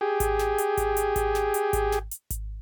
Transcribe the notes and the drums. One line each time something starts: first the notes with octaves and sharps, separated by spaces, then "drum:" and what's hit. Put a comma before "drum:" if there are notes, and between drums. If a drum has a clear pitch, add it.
G4 G#4
drum: kick G#1, hi-hat
drum: snare
drum: hi-hat
drum: kick G#1, hi-hat
drum: hi-hat
drum: kick G#1, hi-hat
drum: snare
drum: hi-hat
drum: kick G#1, hi-hat
drum: snare
drum: hi-hat
drum: kick G#1, hi-hat